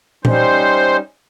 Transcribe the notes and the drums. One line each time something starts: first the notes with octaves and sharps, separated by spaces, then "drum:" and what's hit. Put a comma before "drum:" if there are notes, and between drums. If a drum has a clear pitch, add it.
G3 C#4 D#4 C5, drum: tom A#2